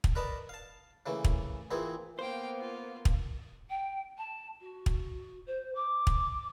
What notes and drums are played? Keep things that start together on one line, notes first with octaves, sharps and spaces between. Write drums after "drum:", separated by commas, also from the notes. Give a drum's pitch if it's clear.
drum: kick
A#4 B4 D5 D#5 A5 A#5
F5 A5
C#3 E3 A3 A#3
drum: kick
A#2 E3 A#3 C4 G#4
A#3 B3 C5 F5 G5
F4
drum: kick
G5
A5
F#4
drum: kick
C5
D6
drum: kick